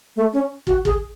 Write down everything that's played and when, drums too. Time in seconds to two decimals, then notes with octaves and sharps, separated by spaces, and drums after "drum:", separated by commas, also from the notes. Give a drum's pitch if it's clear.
0.16 A3
0.33 C#4
0.67 F#4, drum: kick
0.85 G#4, drum: kick